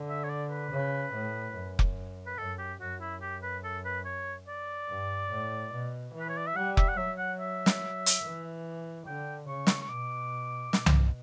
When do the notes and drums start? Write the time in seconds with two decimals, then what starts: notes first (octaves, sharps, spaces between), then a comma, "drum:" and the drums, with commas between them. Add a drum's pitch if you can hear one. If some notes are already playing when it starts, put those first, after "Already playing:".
Already playing: D3
0.09 E5
0.24 C#5
0.30 D5
0.50 B4
0.71 C#3
1.13 A2
1.54 F#2
1.79 drum: kick F1
2.26 B4
2.38 F#2 A4
2.59 G4
2.80 F#2 F#4
3.01 E4
3.21 G4
3.43 B4
3.64 A4
3.85 B4
4.05 C#5
4.48 D5
4.88 G2
5.31 A2
5.72 B2
6.14 E3
6.20 B4
6.29 C#5
6.37 D5
6.47 E5
6.56 G3 F#5
6.77 E5, drum: kick F1
6.89 F#5
6.97 F#3 E5
7.18 F#5
7.40 E5
7.66 drum: snare
8.06 drum: hi-hat
8.22 E3
9.07 D3 G5
9.48 C#3 C#6
9.67 drum: snare
9.82 C#6
9.89 B2 D6
10.73 B2, drum: snare
10.86 drum: tom C2